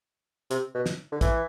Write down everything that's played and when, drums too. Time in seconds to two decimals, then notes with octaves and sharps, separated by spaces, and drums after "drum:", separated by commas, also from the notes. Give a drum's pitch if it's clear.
0.51 C3, drum: hi-hat
0.74 B2
0.86 drum: snare
1.12 D3
1.21 E3, drum: kick, hi-hat